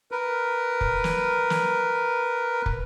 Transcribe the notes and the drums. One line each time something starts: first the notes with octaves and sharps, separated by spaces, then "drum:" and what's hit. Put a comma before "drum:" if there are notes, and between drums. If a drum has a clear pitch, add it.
A#4 B4
drum: kick
drum: snare
drum: snare
drum: kick